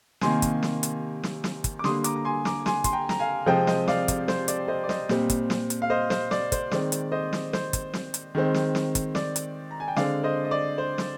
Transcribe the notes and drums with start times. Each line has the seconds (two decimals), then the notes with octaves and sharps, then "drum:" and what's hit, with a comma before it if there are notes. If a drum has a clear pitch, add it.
0.21 C3 D#3 A#3 G#5 C6, drum: snare
0.42 drum: kick, hi-hat
0.63 drum: snare
0.83 drum: hi-hat
1.23 drum: snare
1.44 drum: snare
1.64 drum: kick, hi-hat
1.79 D6
1.84 D3 G3 A#3 C6 D#6, drum: snare
2.04 A#5 D6, drum: hi-hat
2.16 A#5
2.25 G#5 C6
2.45 A#5 D6, drum: snare
2.66 G#5 C6, drum: snare
2.84 C6, drum: kick, hi-hat
2.93 G5 A#5
3.09 A#5, drum: snare
3.20 F5 G#5
3.46 C3 F3 G#3 C4 D#5 G5
3.67 D#5 G5, drum: snare
3.88 D5 F5, drum: snare
4.08 D5, drum: kick, hi-hat
4.28 C5, drum: snare
4.48 D5, drum: hi-hat
4.68 C5 D#5
4.84 D5
4.89 C5 D#5, drum: snare
5.09 A#2 G3 C4, drum: snare
5.30 drum: kick, hi-hat
5.50 drum: snare
5.70 drum: hi-hat
5.82 F5
5.90 C5 D#5
6.10 C5, drum: snare
6.31 D5, drum: snare
6.52 C5, drum: kick, hi-hat
6.71 D#3 G#3 C4 D5, drum: snare
6.92 drum: hi-hat
7.12 C5 D#5
7.33 drum: snare
7.53 C5, drum: snare
7.73 drum: kick, hi-hat
7.93 drum: snare
8.14 drum: hi-hat
8.35 D#3 G#3 C4
8.54 drum: snare
8.75 drum: snare
8.95 drum: kick, hi-hat
9.15 D5, drum: snare
9.36 drum: hi-hat
9.71 A#5
9.80 G#5
9.88 G5
9.96 D3 G#3 C4 D5 F5, drum: snare
10.23 C5 D#5
10.45 D#5
10.51 D5
10.78 C5
10.98 drum: snare